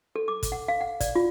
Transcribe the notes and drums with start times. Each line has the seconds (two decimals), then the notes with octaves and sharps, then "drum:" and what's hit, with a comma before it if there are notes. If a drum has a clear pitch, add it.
0.16 A4
0.28 D6
0.43 drum: kick, hi-hat
0.52 F#5
0.68 F5
0.81 F#5
1.00 D5, drum: kick, hi-hat
1.15 F4